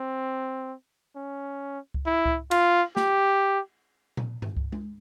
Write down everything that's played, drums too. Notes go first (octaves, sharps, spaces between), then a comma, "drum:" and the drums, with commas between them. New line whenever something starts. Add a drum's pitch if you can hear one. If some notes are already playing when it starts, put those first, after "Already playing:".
Already playing: C4
C#4
drum: kick C#2
E4
drum: kick C#2
F4, drum: cymbal
G4, drum: snare
drum: tom A#2
drum: tom G2
drum: kick C#2
drum: tom G#3